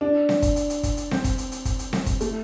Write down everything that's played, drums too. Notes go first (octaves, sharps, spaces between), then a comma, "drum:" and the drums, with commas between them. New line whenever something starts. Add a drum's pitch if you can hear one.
D4
drum: snare C4
drum: kick, hi-hat
drum: hi-hat
drum: hi-hat
drum: kick, hi-hat
drum: hi-hat
C4, drum: snare C4
drum: kick, hi-hat
drum: hi-hat
drum: hi-hat
drum: kick, hi-hat
drum: hi-hat
drum: snare C4
drum: kick, hi-hat
A3, drum: hi-hat